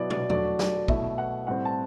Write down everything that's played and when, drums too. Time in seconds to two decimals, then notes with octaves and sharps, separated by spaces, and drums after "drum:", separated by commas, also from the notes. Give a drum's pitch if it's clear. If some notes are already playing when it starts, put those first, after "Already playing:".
Already playing: B2 F#3 B3 E4 D5
0.10 D5, drum: tom
0.30 F#3 A3 D4 D5, drum: tom E2
0.59 D5, drum: snare
0.88 B2 A3 E4 E5, drum: kick
1.18 F#5
1.47 A2 G3 C4 F#5
1.65 A5